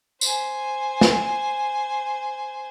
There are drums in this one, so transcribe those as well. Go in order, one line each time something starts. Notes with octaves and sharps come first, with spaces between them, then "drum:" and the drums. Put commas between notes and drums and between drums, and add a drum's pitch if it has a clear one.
C5 G#5, drum: tambourine
drum: snare